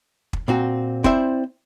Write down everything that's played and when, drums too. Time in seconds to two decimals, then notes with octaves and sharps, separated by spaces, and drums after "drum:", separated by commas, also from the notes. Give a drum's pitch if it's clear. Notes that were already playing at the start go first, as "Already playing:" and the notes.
0.33 drum: kick
0.48 A#2 C4 F#4
1.04 C4 E4 C5 D5 E5, drum: kick